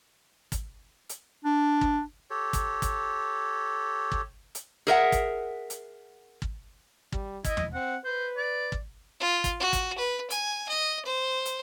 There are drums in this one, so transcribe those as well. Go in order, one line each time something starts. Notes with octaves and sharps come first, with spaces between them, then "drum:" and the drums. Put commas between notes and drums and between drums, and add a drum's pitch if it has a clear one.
drum: kick, hi-hat
drum: hi-hat
D4
drum: kick
G4 A4 C#5
drum: kick, hi-hat
drum: kick, hi-hat
drum: kick
drum: hi-hat
G#4 A#4 E5 F#5
drum: kick, hi-hat
drum: hi-hat
drum: kick
G3, drum: kick
E4 D#5, drum: kick, hi-hat
drum: tom
C4 F#5
B4 C5
D5
drum: kick
F4
drum: kick, hi-hat
F#4
drum: kick, hi-hat
B4
G#5, drum: hi-hat
D#5
C5
drum: hi-hat